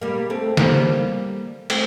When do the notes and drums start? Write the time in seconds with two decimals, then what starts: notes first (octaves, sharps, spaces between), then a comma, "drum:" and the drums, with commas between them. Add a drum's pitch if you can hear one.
0.01 G3 A#3
0.30 A3 C4
0.57 G3 A#3, drum: snare
1.70 A3 C4, drum: cymbal